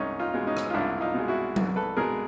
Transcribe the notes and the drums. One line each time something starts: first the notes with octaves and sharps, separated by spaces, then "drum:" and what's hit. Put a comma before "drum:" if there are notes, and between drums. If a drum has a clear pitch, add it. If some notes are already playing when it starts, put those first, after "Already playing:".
Already playing: C2 G#3 C#4 D#4
D#4 F4
B2 G#3
C#4 D#4
drum: rim click
F4
C2 D4 E4
D#4 F4
B2 G#3
E4 F#4
C2, drum: tom F#3
A4 B4
B2 G#3 G#4 A#4